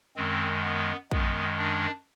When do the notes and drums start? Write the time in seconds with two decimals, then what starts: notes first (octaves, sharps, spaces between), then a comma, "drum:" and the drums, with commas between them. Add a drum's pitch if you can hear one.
0.16 F#2 D#3 G#3 C4
0.63 B3
1.11 F#2 D#3 G#3 B3, drum: kick
1.58 D4